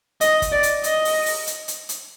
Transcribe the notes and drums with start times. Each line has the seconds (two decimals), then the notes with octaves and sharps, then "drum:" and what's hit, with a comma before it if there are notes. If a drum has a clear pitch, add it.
0.21 D#5, drum: hi-hat
0.42 drum: kick, hi-hat
0.52 D5
0.63 drum: hi-hat
0.84 D#5, drum: hi-hat
1.05 drum: open hi-hat
1.26 drum: open hi-hat
1.47 drum: hi-hat
1.68 drum: hi-hat
1.89 drum: hi-hat